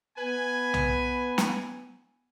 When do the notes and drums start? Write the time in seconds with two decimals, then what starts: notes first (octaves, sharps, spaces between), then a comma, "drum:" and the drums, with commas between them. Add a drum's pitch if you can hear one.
0.18 B3 B4 G#5
0.74 drum: tom B1
1.38 drum: snare